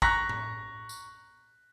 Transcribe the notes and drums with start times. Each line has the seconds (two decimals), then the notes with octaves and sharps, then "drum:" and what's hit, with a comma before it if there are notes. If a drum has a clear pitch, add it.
0.02 A#5 C#6 F#6 A#6 B6, drum: kick A1
0.29 drum: tom A2
0.89 drum: tambourine